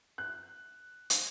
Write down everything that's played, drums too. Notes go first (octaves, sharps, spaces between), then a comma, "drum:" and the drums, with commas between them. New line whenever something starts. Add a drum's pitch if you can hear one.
F#6
drum: hi-hat